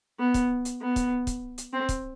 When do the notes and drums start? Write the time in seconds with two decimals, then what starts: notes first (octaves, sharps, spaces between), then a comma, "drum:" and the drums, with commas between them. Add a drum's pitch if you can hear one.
0.19 B3
0.34 drum: kick, hi-hat
0.65 drum: hi-hat
0.81 B3
0.96 drum: kick, hi-hat
1.27 drum: kick, hi-hat
1.58 drum: hi-hat
1.73 C4
1.89 drum: kick, hi-hat